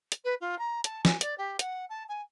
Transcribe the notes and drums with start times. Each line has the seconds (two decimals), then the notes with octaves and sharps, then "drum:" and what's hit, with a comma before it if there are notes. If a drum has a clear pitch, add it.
0.12 drum: hi-hat
0.24 B4
0.40 F4
0.58 A#5
0.84 A5, drum: hi-hat
1.05 G#5, drum: snare
1.21 D5, drum: hi-hat
1.38 G4
1.59 F#5, drum: hi-hat
1.89 A5
2.09 G#5